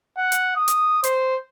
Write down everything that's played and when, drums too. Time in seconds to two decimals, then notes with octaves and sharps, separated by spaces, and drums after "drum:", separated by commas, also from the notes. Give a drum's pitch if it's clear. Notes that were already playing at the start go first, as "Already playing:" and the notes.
0.17 F#5
0.32 drum: hi-hat
0.56 D#6
0.68 drum: hi-hat
1.04 C5, drum: hi-hat